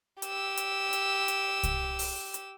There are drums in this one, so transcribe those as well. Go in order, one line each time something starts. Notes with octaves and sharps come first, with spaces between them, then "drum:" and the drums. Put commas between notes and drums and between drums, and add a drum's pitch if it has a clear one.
G4 E6, drum: hi-hat
drum: hi-hat
drum: hi-hat
drum: hi-hat
drum: kick C2, hi-hat
drum: open hi-hat
drum: hi-hat